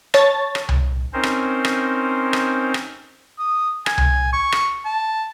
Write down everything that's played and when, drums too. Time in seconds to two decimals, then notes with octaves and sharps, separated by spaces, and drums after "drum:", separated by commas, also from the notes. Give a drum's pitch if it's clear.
0.14 C#5 A5 A6, drum: rim click
0.55 drum: rim click
0.69 drum: tom C2
1.13 C4 C#4 D#4 A#4 C5
1.23 drum: rim click
1.65 drum: rim click
2.33 drum: rim click
2.74 drum: rim click
3.38 D#6
3.86 G#5, drum: rim click
3.98 drum: tom C2
4.33 C#6
4.52 drum: rim click
4.85 A5